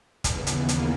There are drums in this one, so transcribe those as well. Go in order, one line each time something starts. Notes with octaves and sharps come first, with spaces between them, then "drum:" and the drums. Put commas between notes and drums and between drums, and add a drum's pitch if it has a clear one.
D#2 C#3 E3 B3, drum: kick, hi-hat
drum: hi-hat
A#3
drum: hi-hat